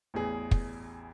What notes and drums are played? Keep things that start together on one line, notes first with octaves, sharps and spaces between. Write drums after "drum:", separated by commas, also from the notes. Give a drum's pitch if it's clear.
A1 E2 G#4
drum: kick